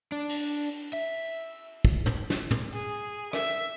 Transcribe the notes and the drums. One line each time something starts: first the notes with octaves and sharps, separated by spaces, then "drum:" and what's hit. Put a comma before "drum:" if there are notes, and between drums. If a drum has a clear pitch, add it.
D4
drum: cymbal
E5
drum: kick
drum: tom
drum: snare
drum: tom
G#4
E5, drum: rim click